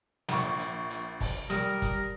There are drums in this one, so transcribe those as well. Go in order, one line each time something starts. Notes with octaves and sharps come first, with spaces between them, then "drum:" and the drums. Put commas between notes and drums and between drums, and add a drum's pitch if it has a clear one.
A#1 C#6, drum: snare
drum: hi-hat
drum: hi-hat
drum: kick, open hi-hat
G3 A#4 D#6, drum: snare
drum: kick, hi-hat